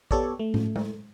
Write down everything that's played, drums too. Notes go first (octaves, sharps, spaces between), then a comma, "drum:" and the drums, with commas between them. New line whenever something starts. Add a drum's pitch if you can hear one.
B3 G4 A4 C#5 D5, drum: kick A1
A3
drum: tom
drum: tom G#3